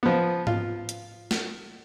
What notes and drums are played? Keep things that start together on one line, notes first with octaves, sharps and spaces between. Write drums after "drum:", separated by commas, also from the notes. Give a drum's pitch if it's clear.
F3 B3
F4, drum: tom G#2
drum: hi-hat
drum: snare